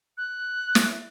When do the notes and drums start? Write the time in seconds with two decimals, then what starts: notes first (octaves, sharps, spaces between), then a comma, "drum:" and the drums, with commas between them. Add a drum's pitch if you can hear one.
0.18 F#6
0.75 drum: snare